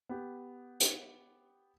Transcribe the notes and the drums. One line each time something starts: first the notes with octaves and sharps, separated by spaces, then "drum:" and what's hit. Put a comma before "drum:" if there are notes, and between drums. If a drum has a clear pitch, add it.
B3 G4
drum: hi-hat